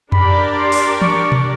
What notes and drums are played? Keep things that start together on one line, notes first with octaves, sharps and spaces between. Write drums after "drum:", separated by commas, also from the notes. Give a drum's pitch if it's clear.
D4 G4 A#4 D5 B5, drum: tom F2
C6
drum: open hi-hat
C#6, drum: tom E3
drum: tom B2